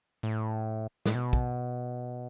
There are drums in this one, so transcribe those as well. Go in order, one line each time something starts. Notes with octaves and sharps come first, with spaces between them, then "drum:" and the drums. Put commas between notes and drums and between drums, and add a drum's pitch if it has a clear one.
A2
A2, drum: snare
B2
drum: kick